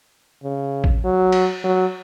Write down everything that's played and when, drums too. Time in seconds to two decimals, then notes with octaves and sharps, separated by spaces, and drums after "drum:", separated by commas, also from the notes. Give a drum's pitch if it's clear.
0.44 C#3
0.84 drum: kick A1
1.05 F#3
1.32 drum: cymbal
1.64 F#3